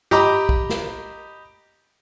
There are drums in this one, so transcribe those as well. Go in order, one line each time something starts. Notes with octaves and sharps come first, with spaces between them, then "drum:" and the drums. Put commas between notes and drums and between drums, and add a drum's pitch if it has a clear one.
G4 D#5 A#5 B5 D6, drum: tom G2
drum: kick
drum: snare